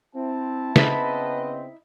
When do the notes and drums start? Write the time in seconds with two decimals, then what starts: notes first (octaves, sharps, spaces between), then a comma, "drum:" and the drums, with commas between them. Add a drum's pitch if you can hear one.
0.15 C4 E4 A5
0.76 C#3 B3 C4 D#4 E4 B4 D#5 B5, drum: snare